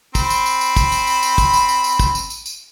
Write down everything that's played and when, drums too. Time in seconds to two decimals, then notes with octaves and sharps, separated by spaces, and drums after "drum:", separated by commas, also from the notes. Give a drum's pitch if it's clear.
0.15 C4 B5, drum: kick, tambourine
0.30 drum: tambourine
0.46 drum: tambourine
0.61 drum: tambourine
0.76 drum: kick, tambourine
0.92 drum: tambourine
1.07 drum: tambourine
1.23 drum: tambourine
1.38 drum: kick, tambourine
1.53 drum: tambourine
1.69 drum: tambourine
1.84 drum: tambourine
1.99 drum: kick, tambourine
2.15 drum: tambourine
2.30 drum: tambourine
2.46 drum: tambourine